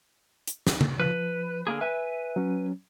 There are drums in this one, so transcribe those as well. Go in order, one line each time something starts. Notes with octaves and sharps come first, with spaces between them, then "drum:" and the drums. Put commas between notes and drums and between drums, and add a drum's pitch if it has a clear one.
drum: hi-hat
drum: snare
drum: tom C#3
F3 B4
D3 A#3 G#4
B4 E5 G#5
F#3 C#4